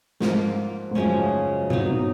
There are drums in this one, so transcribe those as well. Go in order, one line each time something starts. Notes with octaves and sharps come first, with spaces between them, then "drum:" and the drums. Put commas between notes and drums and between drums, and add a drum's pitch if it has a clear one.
G#2 F3 A#3 F4, drum: snare
G#2
F#2 C#3 F3 G#3 C#4
F#3 B3 D#4, drum: tom
B2